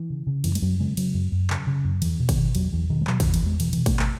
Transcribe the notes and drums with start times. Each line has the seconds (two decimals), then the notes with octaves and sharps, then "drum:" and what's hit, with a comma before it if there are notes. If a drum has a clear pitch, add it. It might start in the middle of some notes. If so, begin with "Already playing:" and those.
Already playing: E3
0.10 C#3
0.27 C#3
0.44 F#2 E3, drum: cymbal
0.55 G#3, drum: cymbal
0.62 F#2 F#3
0.80 C#3 G#3
0.97 C#3 F#3, drum: cymbal
1.14 F#2
1.32 F#2
1.50 C#3, drum: clap
1.67 C#3
1.84 F#2
2.02 E2 E3, drum: cymbal
2.20 B2
2.29 D#3, drum: kick, cymbal
2.37 B2
2.55 E2 F#3, drum: cymbal
2.73 E2 E3
2.90 B2 D#3
3.01 G#3
3.07 B2 F#3, drum: clap
3.20 D#3, drum: kick, cymbal
3.25 E2
3.34 E3, drum: cymbal
3.42 E2 G#3
3.60 B2 E3, drum: cymbal
3.73 E3, drum: cymbal
3.77 B2
3.86 A3, drum: kick, cymbal
3.99 A3, drum: clap